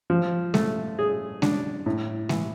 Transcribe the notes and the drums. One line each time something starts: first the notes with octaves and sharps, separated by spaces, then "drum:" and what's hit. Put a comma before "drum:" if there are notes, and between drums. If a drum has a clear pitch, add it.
F3
A3, drum: snare G#3
G#4
D4, drum: snare G#3
A2
E3, drum: snare G#3